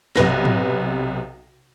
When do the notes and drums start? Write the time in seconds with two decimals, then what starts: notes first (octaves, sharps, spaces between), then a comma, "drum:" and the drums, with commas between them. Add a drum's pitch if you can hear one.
0.16 B1 C3 B4 A#6, drum: snare
0.45 drum: tom